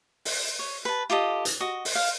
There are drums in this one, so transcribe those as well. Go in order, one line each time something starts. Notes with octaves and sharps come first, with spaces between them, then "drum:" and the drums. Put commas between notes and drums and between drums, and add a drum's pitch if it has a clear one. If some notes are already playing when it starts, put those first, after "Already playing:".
drum: open hi-hat
C#5
B4 A5
F4 G4 A4 D#5
drum: hi-hat
F#4 D#5
drum: open hi-hat
F5